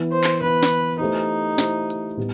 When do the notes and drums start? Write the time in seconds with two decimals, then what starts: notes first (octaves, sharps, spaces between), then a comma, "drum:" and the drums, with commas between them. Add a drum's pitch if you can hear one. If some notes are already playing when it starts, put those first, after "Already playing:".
Already playing: E3 B3 E4
0.12 C5
0.24 drum: clap
0.41 E3 B3 E4 B4
0.63 drum: snare
1.00 A3 D#4 E4 G4 C5
1.58 A3 E4 G4 C5, drum: snare
1.90 drum: hi-hat
2.17 A2 G3 B3